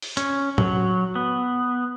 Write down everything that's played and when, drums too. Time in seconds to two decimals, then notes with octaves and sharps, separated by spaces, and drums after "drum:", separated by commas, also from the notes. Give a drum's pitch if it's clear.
0.02 drum: open hi-hat
0.17 C#4, drum: hi-hat
0.58 F#3, drum: tom A2
1.15 B3